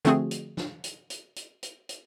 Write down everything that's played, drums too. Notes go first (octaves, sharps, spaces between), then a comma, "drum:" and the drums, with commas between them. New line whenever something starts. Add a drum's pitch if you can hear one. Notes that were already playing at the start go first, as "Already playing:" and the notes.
D3 F3 A3 C4 F#4 G#4, drum: hi-hat
drum: hi-hat
drum: snare
drum: hi-hat
drum: hi-hat
drum: hi-hat
drum: hi-hat
drum: hi-hat